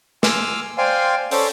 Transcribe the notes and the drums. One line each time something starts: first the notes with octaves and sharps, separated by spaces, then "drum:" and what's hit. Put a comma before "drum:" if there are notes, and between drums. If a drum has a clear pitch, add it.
G#5 C6 D6 E6 F6, drum: snare
C5 D5 F5 G5 G#5 C6
C#4 A4 C5 D5, drum: open hi-hat